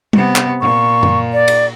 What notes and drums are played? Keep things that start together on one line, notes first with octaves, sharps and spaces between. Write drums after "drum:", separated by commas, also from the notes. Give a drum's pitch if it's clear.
C3 B3, drum: tom G3
drum: clap
A#2 C#6
drum: tom F#2
D5
drum: cymbal